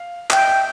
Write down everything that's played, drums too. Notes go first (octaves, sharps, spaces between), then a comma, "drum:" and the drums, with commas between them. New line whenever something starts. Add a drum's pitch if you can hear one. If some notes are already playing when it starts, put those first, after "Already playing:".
Already playing: F5
E5 G5, drum: clap
D#5
E5